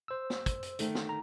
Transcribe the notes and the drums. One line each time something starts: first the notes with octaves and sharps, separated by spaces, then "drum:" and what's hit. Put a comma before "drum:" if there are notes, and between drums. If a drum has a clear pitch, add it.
C5 E6
drum: snare
drum: kick, hi-hat
drum: hi-hat
D3 D#3 A3, drum: hi-hat
drum: snare
A#5